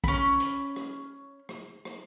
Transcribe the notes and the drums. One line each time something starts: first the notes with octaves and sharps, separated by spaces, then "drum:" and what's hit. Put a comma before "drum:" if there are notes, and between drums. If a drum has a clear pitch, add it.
C#4 B5, drum: kick, hi-hat
drum: hi-hat
drum: rim click
drum: rim click
drum: rim click